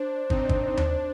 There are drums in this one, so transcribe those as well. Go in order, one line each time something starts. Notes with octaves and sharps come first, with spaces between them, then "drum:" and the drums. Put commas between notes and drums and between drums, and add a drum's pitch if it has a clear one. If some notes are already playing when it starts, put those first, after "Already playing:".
Already playing: D4 C5
C4 D#4, drum: kick
drum: kick
D4, drum: tom D#2